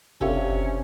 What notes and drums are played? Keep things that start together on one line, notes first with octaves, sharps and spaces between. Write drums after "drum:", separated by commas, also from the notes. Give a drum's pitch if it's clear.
C3 C#4 D4 F4 G4 A4 E5, drum: kick F#1
drum: kick F#1